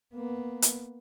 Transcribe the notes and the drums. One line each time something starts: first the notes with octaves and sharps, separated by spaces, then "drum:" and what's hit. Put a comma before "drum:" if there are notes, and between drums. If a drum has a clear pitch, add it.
A#3 B3
drum: hi-hat